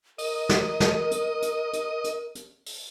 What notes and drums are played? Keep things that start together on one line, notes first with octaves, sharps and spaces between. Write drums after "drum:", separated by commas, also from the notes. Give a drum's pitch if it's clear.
A#4 D#5, drum: open hi-hat
drum: snare
drum: snare
drum: hi-hat
drum: hi-hat
drum: hi-hat
drum: hi-hat
drum: hi-hat
drum: open hi-hat